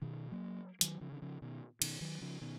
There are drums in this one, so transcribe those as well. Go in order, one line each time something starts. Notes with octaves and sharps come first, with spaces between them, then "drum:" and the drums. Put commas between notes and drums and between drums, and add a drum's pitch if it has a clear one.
B2 D#3
F#3 A#3
D#3 F#3, drum: hi-hat
C#3 F3
D#3
C#3 F3
B2 D#3
B2 D#3, drum: cymbal
D#3 F#3
C#3 F3
B2 D#3